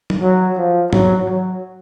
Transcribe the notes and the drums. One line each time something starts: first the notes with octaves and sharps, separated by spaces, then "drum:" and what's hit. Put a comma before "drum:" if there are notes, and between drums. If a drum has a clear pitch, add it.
drum: tom
F#3
F3
F#3, drum: tom
F#3